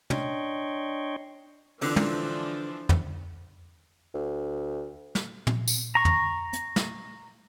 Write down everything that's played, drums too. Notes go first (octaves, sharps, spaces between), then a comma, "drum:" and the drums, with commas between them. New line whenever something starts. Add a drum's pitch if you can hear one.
D4 C#5 D#5 G5 C6 C#6, drum: tom
D3 E3 F3 C4 D4, drum: open hi-hat
drum: tom
drum: tom F2
D2
drum: snare
drum: tom
drum: tambourine
A#5 C#6
drum: tom F2
drum: hi-hat
drum: snare